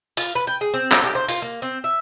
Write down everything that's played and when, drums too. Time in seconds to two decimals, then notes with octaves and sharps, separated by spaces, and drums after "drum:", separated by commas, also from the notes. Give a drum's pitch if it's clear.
0.17 F4, drum: open hi-hat
0.35 B4
0.47 G5
0.61 G#4
0.74 C4
0.92 C5, drum: clap
1.04 G4
1.15 C5
1.28 F4, drum: open hi-hat
1.42 A#3
1.62 C4
1.84 E5